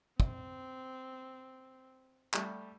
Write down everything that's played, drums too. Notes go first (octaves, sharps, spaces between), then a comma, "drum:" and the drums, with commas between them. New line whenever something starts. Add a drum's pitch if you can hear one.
C4, drum: kick
G3 A3, drum: clap